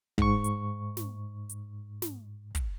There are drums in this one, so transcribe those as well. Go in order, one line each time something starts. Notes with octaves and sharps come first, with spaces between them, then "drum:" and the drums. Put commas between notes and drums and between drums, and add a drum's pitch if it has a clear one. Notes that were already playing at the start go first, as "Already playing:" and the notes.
G#2 C#6, drum: kick
drum: hi-hat
drum: snare
drum: hi-hat
drum: snare
drum: kick, hi-hat